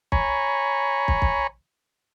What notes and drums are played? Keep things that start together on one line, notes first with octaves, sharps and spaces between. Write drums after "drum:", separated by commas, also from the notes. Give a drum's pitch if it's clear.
C#5 G#5 A#5 B5 C#6, drum: kick
drum: kick
drum: kick